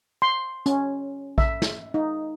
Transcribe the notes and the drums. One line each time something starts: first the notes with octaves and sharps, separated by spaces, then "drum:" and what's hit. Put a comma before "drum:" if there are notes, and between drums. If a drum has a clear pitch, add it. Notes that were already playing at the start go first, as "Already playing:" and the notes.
C6
C#4, drum: hi-hat
E5, drum: kick A#1
drum: snare
D#4